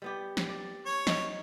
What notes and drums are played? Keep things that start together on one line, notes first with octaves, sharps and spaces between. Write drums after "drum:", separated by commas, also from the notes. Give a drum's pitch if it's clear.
G3 B3 G4
drum: snare
D5
C#5
D#4, drum: snare